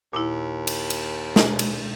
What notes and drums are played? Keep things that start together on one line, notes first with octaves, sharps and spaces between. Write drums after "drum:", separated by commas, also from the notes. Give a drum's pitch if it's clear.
D#2 A#2 E4
drum: cymbal
drum: cymbal
B2 G#3 D4, drum: snare
drum: cymbal